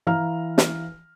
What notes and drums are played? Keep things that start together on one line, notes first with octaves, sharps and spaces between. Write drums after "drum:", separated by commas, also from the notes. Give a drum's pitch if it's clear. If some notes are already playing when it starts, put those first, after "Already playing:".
E3 F5 A#5 F6
drum: snare